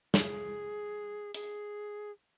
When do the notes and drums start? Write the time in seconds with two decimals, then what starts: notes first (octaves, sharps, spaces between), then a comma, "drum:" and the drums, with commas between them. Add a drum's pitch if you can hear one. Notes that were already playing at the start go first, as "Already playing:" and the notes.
0.14 G#4, drum: snare
1.34 G#4, drum: hi-hat